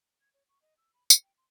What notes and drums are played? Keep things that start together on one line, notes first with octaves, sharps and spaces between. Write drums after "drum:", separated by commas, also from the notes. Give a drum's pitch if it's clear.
G#6
C#5
C#6
D#5
E6
B5
G6, drum: tambourine
G5
C6